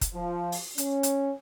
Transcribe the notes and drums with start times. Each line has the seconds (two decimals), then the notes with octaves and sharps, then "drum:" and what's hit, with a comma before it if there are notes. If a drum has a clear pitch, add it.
0.01 drum: kick, hi-hat
0.14 F3
0.52 drum: open hi-hat
0.78 C#4, drum: hi-hat
1.03 drum: hi-hat